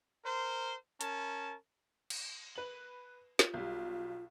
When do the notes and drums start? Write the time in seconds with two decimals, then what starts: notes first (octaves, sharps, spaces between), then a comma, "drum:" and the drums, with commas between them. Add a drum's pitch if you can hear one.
0.25 A#4 C5
1.01 C#4 A#4 A5, drum: hi-hat
2.10 drum: cymbal
2.55 B4 F#7
3.39 F4, drum: snare
3.54 B1 G3